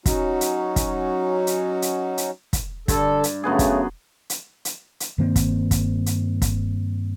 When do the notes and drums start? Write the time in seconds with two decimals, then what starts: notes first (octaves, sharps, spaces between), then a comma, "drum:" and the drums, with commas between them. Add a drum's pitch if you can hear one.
0.06 F#3 C#4 D#4 F#4, drum: kick, hi-hat
0.41 drum: hi-hat
0.76 drum: kick, hi-hat
1.47 drum: hi-hat
1.82 drum: hi-hat
2.18 drum: hi-hat
2.53 drum: kick, hi-hat
2.88 G2 D3 A4, drum: kick, hi-hat
3.24 drum: hi-hat
3.44 F#2 C#3 A3 B3 G#4
3.59 drum: kick, hi-hat
4.30 drum: hi-hat
4.65 drum: hi-hat
5.00 drum: hi-hat
5.18 G2 D#3 A#3 C4
5.36 drum: kick, hi-hat
5.71 drum: kick, hi-hat
6.06 drum: hi-hat
6.42 drum: kick, hi-hat